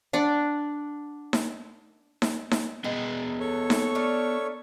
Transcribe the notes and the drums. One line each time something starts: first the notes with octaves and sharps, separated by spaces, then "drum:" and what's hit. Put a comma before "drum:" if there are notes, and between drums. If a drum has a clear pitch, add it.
D4 D5 F#5
drum: snare D#4
drum: snare D#4
drum: snare D#4
B3 G#4 D#5 G5
A4 C#5 C#6
drum: snare D#4
A3 D4 A#4